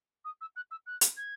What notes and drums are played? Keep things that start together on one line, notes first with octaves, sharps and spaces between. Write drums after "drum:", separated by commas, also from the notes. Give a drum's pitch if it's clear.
D#6
E6
F#6
E6
F#6
drum: hi-hat
G#6